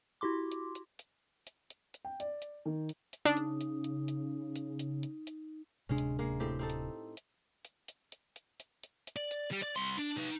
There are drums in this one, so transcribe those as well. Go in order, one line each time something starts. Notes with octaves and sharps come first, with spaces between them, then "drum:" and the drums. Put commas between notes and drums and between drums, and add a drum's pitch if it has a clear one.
E4 F#4 G4 C6 D6
drum: hi-hat
drum: hi-hat
drum: hi-hat
drum: hi-hat
drum: hi-hat
drum: hi-hat
G5
D5, drum: hi-hat
drum: hi-hat
D#3
drum: hi-hat
drum: hi-hat
C#3 D4 D#4
drum: hi-hat
drum: hi-hat
drum: hi-hat
drum: hi-hat
drum: hi-hat
drum: hi-hat
drum: hi-hat
drum: hi-hat
D1 C3 G#3 C#4 D4
drum: hi-hat
G#3 A#3
A2 C4 G4
C4 D#4 A4
drum: hi-hat
drum: hi-hat
drum: hi-hat
drum: hi-hat
drum: hi-hat
drum: hi-hat
drum: hi-hat
drum: hi-hat
drum: hi-hat
D5
drum: hi-hat
G3
D5
C2 C6, drum: hi-hat
D4
D#4 B4